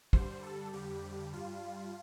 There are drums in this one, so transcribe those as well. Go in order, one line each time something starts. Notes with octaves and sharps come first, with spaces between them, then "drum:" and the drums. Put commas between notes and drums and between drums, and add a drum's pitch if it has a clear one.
G2 D3 G3 C5, drum: kick
A4
F2 D3 G3 G4
G2 G3 F4